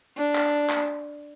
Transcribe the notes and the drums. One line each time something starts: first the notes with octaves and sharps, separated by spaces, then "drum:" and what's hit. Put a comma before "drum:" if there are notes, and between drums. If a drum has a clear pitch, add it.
D4
drum: clap
drum: clap